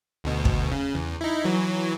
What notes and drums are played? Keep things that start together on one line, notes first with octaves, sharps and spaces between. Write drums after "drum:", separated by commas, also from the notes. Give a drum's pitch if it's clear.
D2 B2
drum: kick
C#3
E2
D#4 E4
E3 F#3